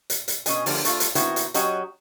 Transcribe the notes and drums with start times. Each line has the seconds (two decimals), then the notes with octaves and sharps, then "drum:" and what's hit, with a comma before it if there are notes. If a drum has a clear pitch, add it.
0.10 drum: hi-hat
0.28 drum: hi-hat
0.46 B2 C#4 D#5 G#5, drum: hi-hat
0.66 D3 F3 G3 A#3, drum: open hi-hat
0.85 A3 F4, drum: hi-hat
1.00 drum: hi-hat
1.15 D#3 B3 C4 E4 F#4, drum: hi-hat
1.36 drum: hi-hat
1.54 F#3 C#4 F#4 G4 D#5, drum: hi-hat